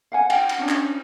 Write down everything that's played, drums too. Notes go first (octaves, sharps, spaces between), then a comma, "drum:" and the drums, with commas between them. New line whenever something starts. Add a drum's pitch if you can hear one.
F5 F#5 G#5
F#5 G5, drum: cymbal
drum: cymbal
C#4 D4
drum: clap